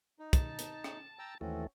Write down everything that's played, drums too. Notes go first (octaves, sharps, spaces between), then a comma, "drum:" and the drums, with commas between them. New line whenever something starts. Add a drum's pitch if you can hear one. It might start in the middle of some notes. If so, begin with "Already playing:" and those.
D#4
A5, drum: kick, hi-hat
drum: hi-hat
drum: rim click
G5 A#5 E6
D#2 E3 A3 C4 C#4 F#4